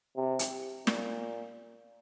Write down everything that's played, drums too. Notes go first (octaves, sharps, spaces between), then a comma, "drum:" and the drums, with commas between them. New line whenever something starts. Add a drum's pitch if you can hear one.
C3
drum: hi-hat
A#2, drum: snare